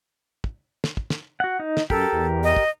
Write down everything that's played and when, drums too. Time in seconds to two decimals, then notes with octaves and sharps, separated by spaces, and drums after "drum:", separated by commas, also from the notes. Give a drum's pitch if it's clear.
0.44 drum: kick
0.84 drum: snare
0.97 drum: kick
1.10 drum: snare
1.40 F#4 F#5
1.60 D#4
1.77 drum: snare
1.90 F#2 G4 A4 A#4, drum: kick
2.13 E2
2.44 D#5
2.56 drum: kick